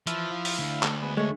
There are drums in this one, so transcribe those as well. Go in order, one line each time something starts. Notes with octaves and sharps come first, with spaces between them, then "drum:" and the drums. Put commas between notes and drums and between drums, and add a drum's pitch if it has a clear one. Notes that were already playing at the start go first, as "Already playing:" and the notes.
E3 F3 E5 F6, drum: hi-hat
E4 F5
drum: open hi-hat
D2
A3, drum: clap
G#3 B3
G#3 A3 C#5